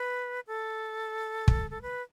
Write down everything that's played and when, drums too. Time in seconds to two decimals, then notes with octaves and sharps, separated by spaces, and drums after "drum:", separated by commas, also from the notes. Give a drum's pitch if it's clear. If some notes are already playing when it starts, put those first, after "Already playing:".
Already playing: B4
0.47 A4
1.48 drum: kick
1.71 A4
1.82 B4